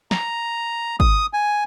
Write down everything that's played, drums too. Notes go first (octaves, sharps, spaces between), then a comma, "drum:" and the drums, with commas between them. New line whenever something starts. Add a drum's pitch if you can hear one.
A#5, drum: snare
D#6, drum: kick G#1
G#5